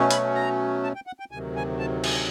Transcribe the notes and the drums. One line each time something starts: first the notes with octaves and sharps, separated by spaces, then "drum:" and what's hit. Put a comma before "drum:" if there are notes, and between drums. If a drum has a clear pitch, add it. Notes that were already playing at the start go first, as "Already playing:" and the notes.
Already playing: B2 F#3 A3 C#4
B5, drum: hi-hat
A#5
A5
G5
F#5
G5
D2 C3 D#3 F#3 G#5
G#5
A5
G#5, drum: cymbal